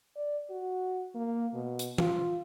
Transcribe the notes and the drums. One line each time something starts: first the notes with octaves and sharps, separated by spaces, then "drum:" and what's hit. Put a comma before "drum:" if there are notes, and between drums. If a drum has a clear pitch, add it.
D5
F#4
A#3
B2
drum: hi-hat
F4, drum: tom